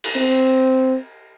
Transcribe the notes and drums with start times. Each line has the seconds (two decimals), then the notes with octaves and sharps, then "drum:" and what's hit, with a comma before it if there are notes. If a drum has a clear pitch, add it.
0.04 drum: cymbal
0.17 C4